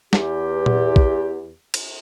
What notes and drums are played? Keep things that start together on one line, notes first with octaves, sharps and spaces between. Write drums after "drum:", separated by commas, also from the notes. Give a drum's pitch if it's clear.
E2 G4, drum: snare
drum: tom A#2
drum: kick
drum: cymbal